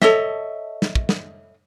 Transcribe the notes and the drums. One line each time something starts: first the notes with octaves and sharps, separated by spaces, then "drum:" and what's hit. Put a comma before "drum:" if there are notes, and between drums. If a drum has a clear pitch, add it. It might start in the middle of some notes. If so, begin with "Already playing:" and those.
A4 C#5 D#5 E5, drum: snare
drum: snare
drum: kick
drum: snare